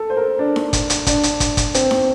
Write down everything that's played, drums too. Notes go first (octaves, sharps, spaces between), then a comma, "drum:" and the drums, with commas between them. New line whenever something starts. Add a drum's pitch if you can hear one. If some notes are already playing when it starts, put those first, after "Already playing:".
Already playing: A4
C5
A#4
D4
drum: snare D#4
drum: kick, hi-hat
drum: hi-hat
D4, drum: kick, hi-hat
drum: hi-hat
drum: kick, hi-hat
drum: kick, hi-hat
C4, drum: hi-hat
drum: snare D#4